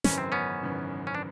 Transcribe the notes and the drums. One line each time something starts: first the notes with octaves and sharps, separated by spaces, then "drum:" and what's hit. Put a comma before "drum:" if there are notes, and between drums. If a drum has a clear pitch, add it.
G#1 F#2 C#3 E3 C#4, drum: snare
C4
B3 C#4
G#1 F#2 C#3 E3
C#4
D4